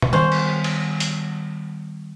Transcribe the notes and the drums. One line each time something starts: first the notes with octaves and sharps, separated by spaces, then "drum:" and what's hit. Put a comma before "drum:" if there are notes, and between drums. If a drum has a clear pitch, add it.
drum: tom
D#3 G3 B3 C#4 C5
drum: cymbal
drum: cymbal
drum: hi-hat